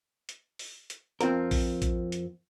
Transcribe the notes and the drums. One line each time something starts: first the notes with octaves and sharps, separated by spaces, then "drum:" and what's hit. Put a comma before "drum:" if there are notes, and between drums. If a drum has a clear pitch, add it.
drum: hi-hat
drum: open hi-hat
drum: hi-hat
F2 C4 F4 A#4, drum: hi-hat
drum: kick A#1, open hi-hat
drum: kick A#1, hi-hat
drum: hi-hat